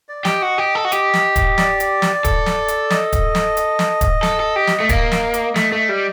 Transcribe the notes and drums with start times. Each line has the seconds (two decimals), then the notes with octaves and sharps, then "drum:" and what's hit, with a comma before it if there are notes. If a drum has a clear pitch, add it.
0.09 D5
0.25 G4 D#5, drum: snare
0.42 F#4
0.58 G4
0.75 A4
0.85 F#4
0.92 G4, drum: hi-hat
1.14 drum: snare
1.36 drum: kick, hi-hat
1.58 D5, drum: snare
1.80 drum: hi-hat
2.02 drum: snare
2.25 A4, drum: kick, hi-hat
2.46 drum: snare
2.68 drum: hi-hat
2.90 D#5, drum: snare
3.13 drum: kick, hi-hat
3.35 drum: snare
3.57 drum: hi-hat
3.79 drum: snare
4.01 drum: kick, hi-hat
4.23 A4, drum: snare
4.40 A4
4.56 G4
4.67 drum: snare
4.80 A3
4.89 A#3 D#5, drum: kick, hi-hat
5.12 drum: snare
5.34 drum: hi-hat
5.56 A3, drum: snare
5.72 A3
5.89 G3